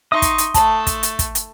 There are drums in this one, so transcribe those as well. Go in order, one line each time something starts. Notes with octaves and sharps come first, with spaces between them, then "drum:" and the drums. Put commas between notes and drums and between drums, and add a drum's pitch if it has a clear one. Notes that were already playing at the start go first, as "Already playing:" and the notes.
D#4 E5 C6 C#6 D#6
drum: kick, hi-hat
drum: hi-hat
A3 A5, drum: kick, hi-hat
drum: kick, hi-hat
drum: hi-hat
drum: kick, hi-hat
drum: hi-hat